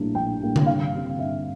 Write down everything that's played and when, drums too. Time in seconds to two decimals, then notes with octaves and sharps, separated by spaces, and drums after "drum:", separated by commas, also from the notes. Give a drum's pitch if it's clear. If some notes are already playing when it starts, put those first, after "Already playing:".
Already playing: A#1 A2 G3 A#3 D4
0.15 A#1 G5
0.41 A2 G3 A#3 D4
0.56 drum: tom D3
0.66 G2 F5
0.93 D3 G3 C4
1.19 G2 E5